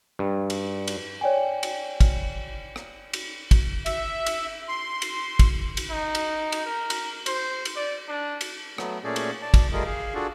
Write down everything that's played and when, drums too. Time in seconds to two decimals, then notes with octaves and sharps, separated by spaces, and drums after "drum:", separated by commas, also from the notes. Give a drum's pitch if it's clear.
0.19 G2
0.50 drum: cymbal
0.88 drum: cymbal
1.21 C#5 D5 G5 G#5
1.63 drum: cymbal
2.01 drum: kick, cymbal
2.76 drum: rim click
3.13 drum: cymbal
3.51 drum: kick, cymbal
3.86 E5, drum: cymbal
4.26 drum: cymbal
4.68 C6
5.02 drum: cymbal
5.39 drum: kick, cymbal
5.77 drum: cymbal
5.90 D#4
6.15 drum: cymbal
6.52 drum: cymbal
6.65 A#4
6.90 drum: cymbal
7.26 C5, drum: cymbal
7.65 drum: cymbal
7.76 D5
8.08 D4
8.41 drum: cymbal
8.78 F#3 A3 B3, drum: rim click
9.04 A#2 A3 C#4 G#4 D5
9.16 drum: cymbal
9.42 D5 A5
9.54 drum: kick, cymbal
9.73 G3 A3 F4 G#4 A#4 D#5
9.86 G#4 F5
10.15 D4 F4 F#4 G#4 A4